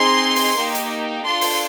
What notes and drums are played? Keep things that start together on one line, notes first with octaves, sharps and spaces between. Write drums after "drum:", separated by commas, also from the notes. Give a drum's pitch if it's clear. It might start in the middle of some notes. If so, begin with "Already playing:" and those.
Already playing: C4 D#4 G#4 C6
drum: open hi-hat
A#3 D#4 G4
drum: hi-hat
D4 F4 A4 C6
drum: open hi-hat